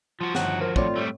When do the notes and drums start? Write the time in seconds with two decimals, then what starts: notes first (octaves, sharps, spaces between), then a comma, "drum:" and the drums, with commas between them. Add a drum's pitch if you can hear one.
0.21 F3 F4 F#4
0.35 G1 D#3 F#5, drum: snare
0.61 A#4 C5
0.76 A2 C4 F4 C#5 D5, drum: kick
0.96 G3 A3